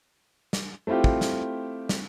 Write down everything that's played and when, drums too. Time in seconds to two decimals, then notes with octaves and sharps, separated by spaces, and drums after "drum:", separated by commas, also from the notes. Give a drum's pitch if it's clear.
0.53 drum: snare
0.87 A3 C4 E4 F4 G4
1.04 drum: kick
1.21 drum: snare
1.89 drum: snare